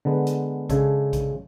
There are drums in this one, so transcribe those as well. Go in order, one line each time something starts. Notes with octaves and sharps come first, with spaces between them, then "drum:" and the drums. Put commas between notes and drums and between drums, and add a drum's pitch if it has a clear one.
D3 G#3 B3
drum: hi-hat
C#3 G#3 D4 A4 C#5, drum: kick A#1, hi-hat
drum: kick A#1, hi-hat